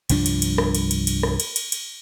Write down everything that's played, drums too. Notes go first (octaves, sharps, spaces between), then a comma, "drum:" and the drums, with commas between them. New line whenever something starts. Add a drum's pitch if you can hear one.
C2 G2 F3 D4, drum: cymbal
drum: cymbal
drum: cymbal
drum: rim click
drum: cymbal
drum: cymbal
drum: cymbal
drum: rim click
drum: cymbal
drum: cymbal
drum: cymbal